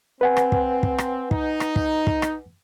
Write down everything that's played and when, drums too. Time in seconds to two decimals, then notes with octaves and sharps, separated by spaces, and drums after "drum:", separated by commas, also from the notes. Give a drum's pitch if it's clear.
0.21 C4 B4 F#5 G#5
0.37 drum: rim click
0.52 drum: kick
0.83 drum: kick
0.98 drum: rim click
1.31 D#4, drum: kick
1.60 drum: rim click
1.76 drum: kick
2.07 drum: kick
2.22 drum: rim click